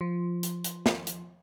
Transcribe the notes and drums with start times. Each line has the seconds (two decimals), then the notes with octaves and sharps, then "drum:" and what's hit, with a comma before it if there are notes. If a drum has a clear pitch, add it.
0.01 F3
0.43 drum: hi-hat
0.64 drum: hi-hat
0.86 drum: snare
1.07 drum: hi-hat